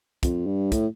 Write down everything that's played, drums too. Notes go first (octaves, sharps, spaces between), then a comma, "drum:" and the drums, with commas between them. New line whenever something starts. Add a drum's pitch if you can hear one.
F2, drum: kick, hi-hat
G2
A2, drum: kick, hi-hat